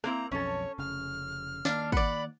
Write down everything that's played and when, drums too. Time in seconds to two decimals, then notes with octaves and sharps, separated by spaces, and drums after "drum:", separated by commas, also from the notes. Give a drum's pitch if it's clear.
0.04 A#3 C4 E4 A#5, drum: rim click
0.32 B1 F2 C#4 A4 C#5
0.79 F1 C#3 F6
1.65 D#3 A#3 D4 F5, drum: snare
1.92 D5 F#5 B5, drum: kick